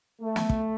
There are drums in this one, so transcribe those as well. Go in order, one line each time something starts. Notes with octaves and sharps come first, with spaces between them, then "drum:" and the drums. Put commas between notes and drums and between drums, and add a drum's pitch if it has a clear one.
A3
drum: snare
drum: kick